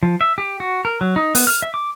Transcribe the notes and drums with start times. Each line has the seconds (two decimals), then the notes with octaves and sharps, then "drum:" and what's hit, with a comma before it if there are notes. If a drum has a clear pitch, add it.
0.03 F3
0.21 E5
0.38 G4
0.60 F#4
0.85 A#4
1.01 F#3
1.16 D#4
1.35 B3, drum: open hi-hat
1.47 F6
1.62 E5
1.74 D6